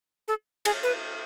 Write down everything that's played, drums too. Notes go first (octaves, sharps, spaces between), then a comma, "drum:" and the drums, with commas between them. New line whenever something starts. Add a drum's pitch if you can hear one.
A4
G#4, drum: cymbal
B4